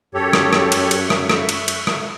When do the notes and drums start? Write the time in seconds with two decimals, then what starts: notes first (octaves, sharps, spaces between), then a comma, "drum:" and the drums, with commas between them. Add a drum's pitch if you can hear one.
0.14 F#2 G4 A4 C#5
0.33 drum: rim click
0.53 drum: rim click
0.72 drum: cymbal
0.91 drum: cymbal
1.01 E5 C#6
1.10 drum: rim click
1.29 drum: rim click
1.49 drum: cymbal
1.68 drum: cymbal
1.87 drum: rim click